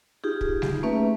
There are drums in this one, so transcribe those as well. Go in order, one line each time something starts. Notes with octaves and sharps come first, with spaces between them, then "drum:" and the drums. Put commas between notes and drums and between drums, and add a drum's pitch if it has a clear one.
D#4 F4 G4 G#4
drum: kick
drum: snare G3
A3 A#3 C#4 B4 E5